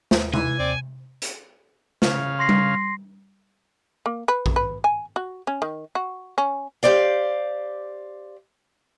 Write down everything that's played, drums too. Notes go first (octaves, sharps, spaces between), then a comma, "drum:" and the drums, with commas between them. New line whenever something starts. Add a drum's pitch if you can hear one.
D#2, drum: snare
E3 G#5, drum: tom C3
D#2 C4 D5
drum: hi-hat
C#3 F5, drum: snare
C6 A#6 C7
drum: tom G3
A#3
B4
drum: kick A#1
B4
G#5
F#4
C#4
D#3
F#4
C#4
G4 C5 D5 F5